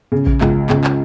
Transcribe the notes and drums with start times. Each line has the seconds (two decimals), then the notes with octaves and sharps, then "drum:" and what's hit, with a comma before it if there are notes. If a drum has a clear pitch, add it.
0.12 C#3
0.27 drum: kick A1
0.41 C#2, drum: clap
0.70 C#3, drum: clap
0.84 drum: clap